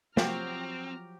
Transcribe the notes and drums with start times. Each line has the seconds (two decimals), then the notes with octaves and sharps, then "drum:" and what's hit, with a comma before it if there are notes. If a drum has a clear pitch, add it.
0.17 F3 F#3 C4 F#4 G4 A#5 F6, drum: snare